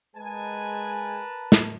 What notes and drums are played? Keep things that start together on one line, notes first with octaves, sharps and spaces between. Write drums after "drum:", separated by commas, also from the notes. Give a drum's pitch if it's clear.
G#3 A#4 B4 G#5 A5
drum: snare